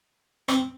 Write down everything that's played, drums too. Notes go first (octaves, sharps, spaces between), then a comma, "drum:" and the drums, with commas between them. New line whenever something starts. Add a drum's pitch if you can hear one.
C4, drum: rim click